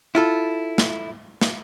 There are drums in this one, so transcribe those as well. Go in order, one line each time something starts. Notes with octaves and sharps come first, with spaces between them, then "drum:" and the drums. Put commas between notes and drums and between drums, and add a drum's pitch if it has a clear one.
E4 F4 A4
drum: snare
drum: snare